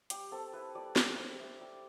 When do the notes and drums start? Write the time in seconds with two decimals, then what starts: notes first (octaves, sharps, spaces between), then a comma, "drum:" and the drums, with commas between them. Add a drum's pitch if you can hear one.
0.10 G3 G4, drum: hi-hat
0.32 C4 A4
0.53 E4 B4
0.75 G3 D5
0.96 G3 D5, drum: snare
1.18 C4
1.39 E4 E5
1.61 G3